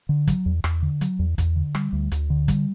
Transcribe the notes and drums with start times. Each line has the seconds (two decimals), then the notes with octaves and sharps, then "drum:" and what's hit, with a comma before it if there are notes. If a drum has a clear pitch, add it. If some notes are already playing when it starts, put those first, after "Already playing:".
0.09 D3
0.27 F#3, drum: kick, hi-hat
0.46 E2
0.64 E2, drum: rim click
0.82 D3
1.01 F#3, drum: hi-hat
1.19 E2
1.38 E2, drum: kick, hi-hat
1.56 D3
1.75 G3, drum: rim click
1.93 D2
2.12 D2, drum: hi-hat
2.30 D3
2.48 G3, drum: kick, hi-hat